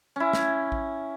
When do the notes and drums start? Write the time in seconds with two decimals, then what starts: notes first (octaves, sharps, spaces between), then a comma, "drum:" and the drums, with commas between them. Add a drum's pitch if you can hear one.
0.16 C#4 E4
0.33 drum: snare
0.72 drum: kick A1